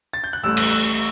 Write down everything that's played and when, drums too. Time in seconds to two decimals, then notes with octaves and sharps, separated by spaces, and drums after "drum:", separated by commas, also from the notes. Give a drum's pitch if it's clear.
0.13 A6
0.24 G6
0.33 F#6
0.43 A1 A2 G3 E6
0.57 F#6, drum: cymbal
0.70 E6
0.84 E6